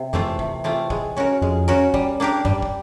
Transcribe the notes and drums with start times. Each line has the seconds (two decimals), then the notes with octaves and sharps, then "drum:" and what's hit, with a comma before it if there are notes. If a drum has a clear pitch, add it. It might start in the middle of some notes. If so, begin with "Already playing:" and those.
Already playing: C3
0.13 F2 E3 A3 C4 F4
0.39 C3, drum: kick
0.64 E3 A3 C4 F4
0.90 G#3, drum: kick
1.17 C#4 F#4 A#4
1.42 F2 G#3
1.68 C#4 F#4 A#4
1.94 G3, drum: kick
2.20 A#3 D4 G4 A#4
2.45 G2 G3, drum: kick
2.62 drum: kick